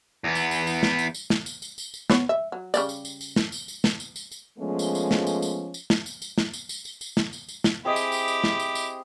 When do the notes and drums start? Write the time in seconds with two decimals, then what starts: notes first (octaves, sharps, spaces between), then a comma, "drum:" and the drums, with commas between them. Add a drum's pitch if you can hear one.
0.24 E2 B3
0.35 drum: tambourine
0.51 drum: tambourine
0.67 drum: tambourine
0.83 drum: snare
0.99 drum: tambourine
1.14 drum: tambourine
1.30 drum: snare
1.46 drum: tambourine
1.62 drum: tambourine
1.78 drum: tambourine
1.94 drum: tambourine
2.10 B3 C#5, drum: snare
2.29 E5
2.52 F#3
2.74 C#3 G3 D5, drum: tambourine
2.89 drum: tambourine
3.05 drum: tambourine
3.21 drum: tambourine
3.36 drum: snare
3.52 drum: tambourine
3.68 drum: tambourine
3.84 drum: snare
4.00 drum: tambourine
4.16 drum: tambourine
4.31 drum: tambourine
4.58 F3 G#3 A3 B3 C#4
4.79 drum: tambourine
4.95 drum: tambourine
5.11 drum: snare
5.27 drum: tambourine
5.42 drum: tambourine
5.74 drum: tambourine
5.90 drum: snare
6.06 drum: tambourine
6.22 drum: tambourine
6.38 drum: snare
6.53 drum: tambourine
6.69 drum: tambourine
6.85 drum: tambourine
7.01 drum: tambourine
7.17 drum: snare
7.33 drum: tambourine
7.49 drum: tambourine
7.64 drum: snare
7.85 C4 E4 G4 G#4 D#5
7.96 drum: tambourine
8.12 drum: tambourine
8.28 drum: tambourine
8.44 drum: snare
8.59 drum: tambourine
8.75 drum: tambourine